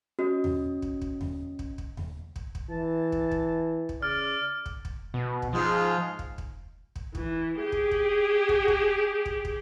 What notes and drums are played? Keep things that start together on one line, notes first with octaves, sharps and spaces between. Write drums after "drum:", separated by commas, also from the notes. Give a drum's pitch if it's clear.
C#4 F#4 D#5
drum: tom D#2
drum: kick
drum: kick
drum: tom D#2
drum: kick
drum: kick
drum: tom D#2
drum: kick
drum: kick
E3 A5
drum: kick
drum: kick
drum: kick
C#3 D5 F6
drum: kick
drum: kick
B2
drum: kick
G#2 F3 G#3 F4
drum: kick
drum: kick
drum: kick
E3, drum: kick
G4 G#4
drum: kick
drum: kick
drum: kick
drum: kick
drum: kick
drum: kick